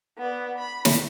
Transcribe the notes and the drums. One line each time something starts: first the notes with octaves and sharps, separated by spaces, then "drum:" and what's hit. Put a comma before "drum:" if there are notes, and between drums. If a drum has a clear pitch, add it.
B3 D5
B5
drum: snare